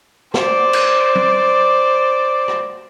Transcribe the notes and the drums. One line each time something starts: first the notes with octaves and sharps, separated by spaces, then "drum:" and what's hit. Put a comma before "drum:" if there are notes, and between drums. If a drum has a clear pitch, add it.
C5 D5, drum: snare
drum: cymbal
drum: tom
drum: rim click